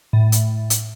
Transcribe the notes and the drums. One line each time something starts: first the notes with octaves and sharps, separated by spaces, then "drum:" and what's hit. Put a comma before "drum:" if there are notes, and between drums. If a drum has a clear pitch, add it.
A2
drum: hi-hat
drum: hi-hat